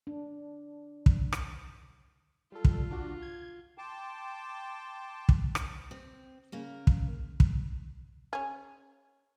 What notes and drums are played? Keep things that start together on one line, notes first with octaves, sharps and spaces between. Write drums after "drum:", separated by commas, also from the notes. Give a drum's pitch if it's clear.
D4
drum: kick
drum: rim click
G3 F4 A4
drum: kick
D4 F#4
G#6
G5 A5 C6 D6
drum: kick
drum: rim click
C4
C#3 A#3 A#4
drum: kick
drum: kick
C#4 G#4